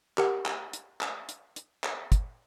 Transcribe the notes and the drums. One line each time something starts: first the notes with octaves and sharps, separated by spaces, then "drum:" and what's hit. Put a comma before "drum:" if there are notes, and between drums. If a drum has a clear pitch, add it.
G4 A#4 F#5, drum: clap
drum: clap
drum: hi-hat
drum: clap
drum: hi-hat
drum: hi-hat
drum: clap
drum: kick, hi-hat